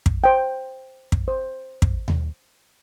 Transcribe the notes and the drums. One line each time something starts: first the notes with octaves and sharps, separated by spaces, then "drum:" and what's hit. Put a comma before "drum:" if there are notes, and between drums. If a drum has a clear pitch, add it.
drum: kick
C5 G5
drum: kick
C5
drum: kick
drum: tom D#2